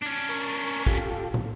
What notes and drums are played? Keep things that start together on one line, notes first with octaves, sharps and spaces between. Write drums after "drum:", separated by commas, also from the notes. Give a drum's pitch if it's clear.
C#4 D4
A#4 C#6
F4 G4 A4, drum: kick
drum: tom